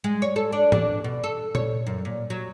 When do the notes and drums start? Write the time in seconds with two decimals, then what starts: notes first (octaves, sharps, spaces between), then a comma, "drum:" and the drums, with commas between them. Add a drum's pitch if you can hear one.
0.04 G#3
0.22 C#5
0.36 A4
0.52 D4
0.72 D4, drum: tom
1.04 B2
1.24 A4
1.55 C#5, drum: tom A#2
1.87 F#2
2.05 A#2
2.30 F#3